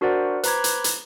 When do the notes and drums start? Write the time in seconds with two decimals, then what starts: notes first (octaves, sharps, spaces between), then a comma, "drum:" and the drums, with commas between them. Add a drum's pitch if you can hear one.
0.01 D4 F#4 A#4 C5 D5 F#5
0.43 B4 C5 A#5 B5 D6 G#6, drum: hi-hat
0.64 drum: hi-hat
0.84 drum: hi-hat